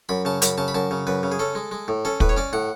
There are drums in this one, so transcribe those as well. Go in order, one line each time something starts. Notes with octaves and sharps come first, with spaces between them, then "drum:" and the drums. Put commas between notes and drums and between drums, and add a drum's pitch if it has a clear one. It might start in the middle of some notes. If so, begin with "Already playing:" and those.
F#2 B5
C#3 A5
F#2 B5, drum: hi-hat
C#3 A5
B5
F#2 A5
C#3
F#2 B4
C#3
G#4
C#4 A4
G#3
G#3
A2
C#4 A4
A2 B4, drum: kick
C#5
C#4 D5
A2 F#5